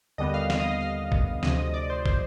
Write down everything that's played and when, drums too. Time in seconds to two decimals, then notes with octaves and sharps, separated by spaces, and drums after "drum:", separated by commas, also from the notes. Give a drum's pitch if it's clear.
0.18 D#2 D3 G3 B3 D#5
0.34 F5
0.50 F5, drum: snare
0.60 D#5
0.71 F5
0.81 F5
1.12 drum: kick
1.43 D2 C3 F3 D#5, drum: snare
1.58 D#5
1.74 D5
1.90 C5
2.06 C5, drum: kick